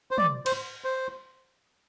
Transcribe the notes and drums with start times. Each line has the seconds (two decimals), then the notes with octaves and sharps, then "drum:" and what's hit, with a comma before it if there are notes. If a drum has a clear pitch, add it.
0.11 C5
0.18 D5, drum: tom
0.46 C5, drum: cymbal
0.84 C5